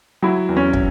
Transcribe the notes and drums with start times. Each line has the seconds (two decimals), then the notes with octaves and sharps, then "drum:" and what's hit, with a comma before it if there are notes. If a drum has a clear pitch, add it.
0.22 F#3 E4
0.49 E2
0.57 C#4
0.73 drum: kick